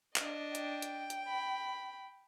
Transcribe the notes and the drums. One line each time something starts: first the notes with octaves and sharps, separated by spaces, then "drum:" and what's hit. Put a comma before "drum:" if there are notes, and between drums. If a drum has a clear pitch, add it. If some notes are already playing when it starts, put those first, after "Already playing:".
D4 D#5, drum: clap
G5, drum: hi-hat
drum: hi-hat
drum: hi-hat
B5